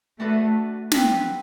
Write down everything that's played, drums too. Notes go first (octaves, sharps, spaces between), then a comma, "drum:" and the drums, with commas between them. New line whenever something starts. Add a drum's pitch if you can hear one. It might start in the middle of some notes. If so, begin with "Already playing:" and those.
A3 D4 F#4 B4
C4 G4 B4 F#5, drum: snare